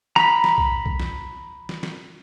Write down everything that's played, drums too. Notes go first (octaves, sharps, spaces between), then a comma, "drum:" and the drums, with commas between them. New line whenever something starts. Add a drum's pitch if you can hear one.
A#5 B5, drum: snare
drum: snare
drum: kick B1
drum: kick B1
drum: snare
drum: snare
drum: snare